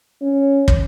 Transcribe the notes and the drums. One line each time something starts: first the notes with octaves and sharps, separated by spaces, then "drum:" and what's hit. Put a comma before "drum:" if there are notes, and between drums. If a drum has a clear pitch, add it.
C#4
drum: kick